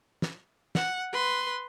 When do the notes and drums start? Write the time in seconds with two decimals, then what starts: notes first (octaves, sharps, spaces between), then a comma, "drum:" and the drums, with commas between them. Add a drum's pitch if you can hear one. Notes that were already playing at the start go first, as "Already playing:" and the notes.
0.22 drum: snare
0.75 F#5, drum: snare
1.12 B4 C6